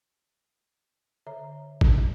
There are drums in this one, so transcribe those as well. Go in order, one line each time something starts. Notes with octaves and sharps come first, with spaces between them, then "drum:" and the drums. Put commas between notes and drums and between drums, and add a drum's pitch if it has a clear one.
D3 A4 C#5 E5 A#5
drum: kick